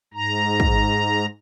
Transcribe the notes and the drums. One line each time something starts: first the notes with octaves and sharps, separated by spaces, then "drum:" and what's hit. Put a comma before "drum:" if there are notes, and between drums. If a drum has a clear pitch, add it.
G#2 A#5
drum: kick